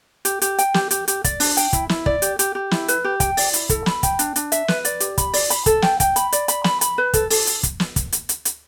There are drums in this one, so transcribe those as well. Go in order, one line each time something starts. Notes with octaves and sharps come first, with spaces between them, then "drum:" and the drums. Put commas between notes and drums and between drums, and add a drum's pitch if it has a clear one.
G4, drum: hi-hat
G4, drum: hi-hat
G5, drum: hi-hat
G4, drum: snare
G4, drum: hi-hat
G4, drum: hi-hat
D5, drum: kick, hi-hat
D4, drum: open hi-hat
G5, drum: hi-hat
E4, drum: kick, hi-hat
E4, drum: snare
D5, drum: kick
G4, drum: hi-hat
G4, drum: hi-hat
G4
E4, drum: snare
B4, drum: hi-hat
G4
G5, drum: kick, hi-hat
D5, drum: open hi-hat
E4, drum: hi-hat
A4, drum: kick, hi-hat
B5, drum: snare
G5, drum: kick, hi-hat
D4, drum: hi-hat
D4, drum: hi-hat
E5, drum: hi-hat
B4, drum: snare
D5, drum: hi-hat
G4, drum: hi-hat
B5, drum: kick, hi-hat
D5, drum: open hi-hat
B5, drum: hi-hat
A4, drum: kick, hi-hat
G5, drum: snare
G5, drum: kick, hi-hat
B5, drum: hi-hat
D5, drum: hi-hat
B5, drum: hi-hat
B5, drum: snare
B5, drum: hi-hat
B4
A4, drum: kick, hi-hat
A4, drum: open hi-hat
drum: hi-hat
drum: kick, hi-hat
drum: snare
drum: kick, hi-hat
drum: hi-hat
drum: hi-hat
drum: hi-hat